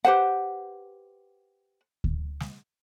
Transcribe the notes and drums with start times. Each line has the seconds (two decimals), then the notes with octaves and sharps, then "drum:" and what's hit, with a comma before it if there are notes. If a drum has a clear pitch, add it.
0.05 G4 B4 C5 F#5
2.04 drum: kick D2
2.40 drum: snare